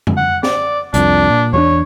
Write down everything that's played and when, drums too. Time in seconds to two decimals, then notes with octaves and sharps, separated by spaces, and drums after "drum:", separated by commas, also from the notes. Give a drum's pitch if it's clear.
0.07 drum: tom
0.17 F#5
0.43 D5, drum: snare
0.94 C2 F2 D4, drum: hi-hat
1.30 A#2
1.53 E2 F#3 D4 C#5